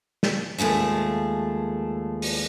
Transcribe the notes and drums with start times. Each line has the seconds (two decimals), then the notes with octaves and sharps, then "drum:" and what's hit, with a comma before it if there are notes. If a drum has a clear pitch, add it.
0.23 drum: snare
0.58 D#2 F3 G#3 A3
2.22 drum: open hi-hat